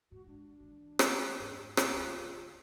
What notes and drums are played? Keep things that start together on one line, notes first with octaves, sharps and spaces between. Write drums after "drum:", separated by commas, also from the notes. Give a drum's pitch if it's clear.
G#2 F#4
G#3 D4
E3 C4
drum: rim click
F2 G#2
drum: rim click
E1 D2 F4